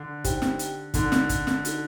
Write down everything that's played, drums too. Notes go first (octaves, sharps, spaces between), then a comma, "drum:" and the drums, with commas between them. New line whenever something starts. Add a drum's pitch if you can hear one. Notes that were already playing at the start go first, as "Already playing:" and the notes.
Already playing: D3
D#4 G4 C5 G5, drum: kick G1, hi-hat
drum: snare
drum: hi-hat
D3 D#4 F#4 A4, drum: kick G1, hi-hat
drum: snare
drum: kick G1, hi-hat
drum: snare
D#4 F#4 A4, drum: hi-hat